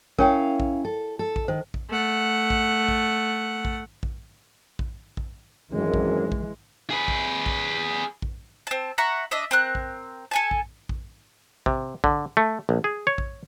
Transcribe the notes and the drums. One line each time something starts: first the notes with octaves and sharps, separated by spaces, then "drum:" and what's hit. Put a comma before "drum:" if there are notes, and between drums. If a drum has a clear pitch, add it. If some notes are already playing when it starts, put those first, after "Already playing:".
C#4 E4 A#4 C#5 F5 G5, drum: kick A#1
drum: kick A#1
A4
A4
drum: kick A#1
D#3 C5
drum: kick A#1
A3 F#5
drum: kick A#1
drum: kick A#1
drum: kick A#1
drum: kick A#1
drum: kick A#1
drum: kick A#1
G#1 F#2 E3 G#3
drum: kick A#1
drum: kick A#1
G#4 B4
drum: kick A#1
drum: kick A#1
drum: kick A#1
C4 A5
E5 F#5 A#5 C#6
D4 D#5 E5
C4 A#4 F#6
drum: kick A#1
A4 G#5 A5
drum: kick A#1
drum: kick A#1
C3, drum: kick A#1
D3, drum: kick A#1
A3
A#1
G#4
C#5
drum: kick A#1